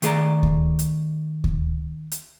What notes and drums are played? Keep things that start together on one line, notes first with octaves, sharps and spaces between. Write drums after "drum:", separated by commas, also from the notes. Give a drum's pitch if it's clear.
D#3 A3 G#4 B4 D5 A#5, drum: hi-hat
drum: kick D2
drum: hi-hat
drum: kick D2
drum: hi-hat